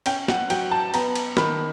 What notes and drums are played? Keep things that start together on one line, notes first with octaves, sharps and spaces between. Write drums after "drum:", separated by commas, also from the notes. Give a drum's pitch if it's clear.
C#4 G5, drum: cymbal
F#5, drum: snare
F#3 G5, drum: cymbal
A5
B3 A#5, drum: cymbal
drum: cymbal
D#3 B5, drum: snare